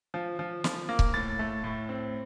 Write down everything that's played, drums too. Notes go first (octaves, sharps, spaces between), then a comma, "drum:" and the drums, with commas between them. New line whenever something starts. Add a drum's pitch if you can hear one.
F3
F3
F3, drum: snare
A#3
drum: kick C#1
A2 A6
A3
A2
C4